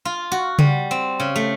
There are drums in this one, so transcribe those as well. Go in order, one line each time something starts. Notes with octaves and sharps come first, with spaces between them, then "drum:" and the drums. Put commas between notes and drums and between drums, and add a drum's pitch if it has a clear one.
F4
F#4
G3, drum: tom C#3
C4
C#3
A3